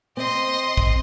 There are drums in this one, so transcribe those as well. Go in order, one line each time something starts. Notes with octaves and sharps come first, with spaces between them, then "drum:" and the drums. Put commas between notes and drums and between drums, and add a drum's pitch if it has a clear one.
C4 D#5 C6
drum: kick